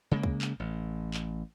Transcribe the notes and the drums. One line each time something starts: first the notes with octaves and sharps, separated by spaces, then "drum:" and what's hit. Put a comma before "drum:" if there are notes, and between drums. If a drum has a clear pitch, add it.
C#3 G#3 A#3
drum: kick
drum: clap
A1
drum: clap